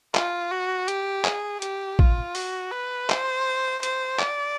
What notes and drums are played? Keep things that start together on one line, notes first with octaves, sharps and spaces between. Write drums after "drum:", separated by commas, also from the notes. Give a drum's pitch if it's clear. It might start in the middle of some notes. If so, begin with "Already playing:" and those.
F4, drum: clap
F#4
G4, drum: hi-hat
G#4, drum: clap
G4, drum: hi-hat
F4, drum: kick A1
F#4, drum: open hi-hat
B4
C5, drum: clap
C5, drum: hi-hat
D5, drum: clap